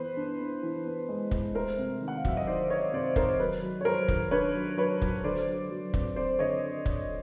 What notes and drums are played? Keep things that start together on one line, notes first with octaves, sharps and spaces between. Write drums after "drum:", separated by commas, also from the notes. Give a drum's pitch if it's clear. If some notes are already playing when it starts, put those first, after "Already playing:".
Already playing: E3 B3 B4 C5
D4
B3
E3
B3
G#3
G#3, drum: kick
A3 A#4 C5
C3
D#3
F#5
F5
F#3 E5, drum: kick
D#5
D#3 C5 D5
D#3 C#5 D#5
C3 C5 D5
D#3 A#4 C5, drum: kick
F#3 B4
F#3
C#5
F#3 A#4 C5
D#3, drum: kick
D4 B4 C#5
F#3
F#3 B4 C#5
F#3, drum: kick
D3 C5 D5
F#3
F#3
C4, drum: kick
C4 C5 D5
D3 C#5 D#5
drum: kick